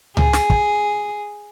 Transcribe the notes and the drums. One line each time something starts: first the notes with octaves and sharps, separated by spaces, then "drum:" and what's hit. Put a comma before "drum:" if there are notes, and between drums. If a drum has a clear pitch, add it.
G#4, drum: tom C#2
drum: snare
drum: kick